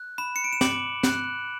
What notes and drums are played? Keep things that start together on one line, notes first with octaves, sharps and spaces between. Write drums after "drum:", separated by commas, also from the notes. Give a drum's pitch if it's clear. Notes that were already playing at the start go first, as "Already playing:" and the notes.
Already playing: F#6
B5 E7
C#7
D7
E7
D6 F#7, drum: snare
F#6, drum: snare